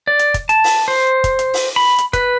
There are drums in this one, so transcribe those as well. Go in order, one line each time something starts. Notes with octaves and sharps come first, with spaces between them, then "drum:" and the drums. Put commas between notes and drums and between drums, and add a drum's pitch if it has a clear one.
D5
drum: hi-hat
drum: kick, hi-hat
A5, drum: hi-hat
drum: open hi-hat
C5
drum: kick, hi-hat
drum: hi-hat
drum: open hi-hat
B5
drum: hi-hat
B4, drum: kick, hi-hat